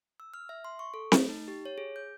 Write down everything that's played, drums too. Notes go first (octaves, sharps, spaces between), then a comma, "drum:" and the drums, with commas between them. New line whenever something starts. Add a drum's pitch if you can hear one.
E6
F6
E5
C6
C#6
A4
A3, drum: snare C4
D#4
G4
C#5
G#4
G6